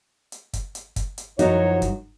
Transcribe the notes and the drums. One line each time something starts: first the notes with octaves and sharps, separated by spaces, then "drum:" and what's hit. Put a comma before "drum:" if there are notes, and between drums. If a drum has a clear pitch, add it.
drum: hi-hat
drum: kick, hi-hat
drum: hi-hat
drum: kick, hi-hat
drum: hi-hat
F#2 F3 F#3 D#4 E4 C#5, drum: hi-hat
drum: kick, hi-hat